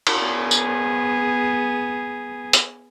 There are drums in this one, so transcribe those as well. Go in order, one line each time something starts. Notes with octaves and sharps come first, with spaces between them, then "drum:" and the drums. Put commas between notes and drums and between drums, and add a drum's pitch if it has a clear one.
drum: cymbal
B3 G#4
drum: tambourine
drum: hi-hat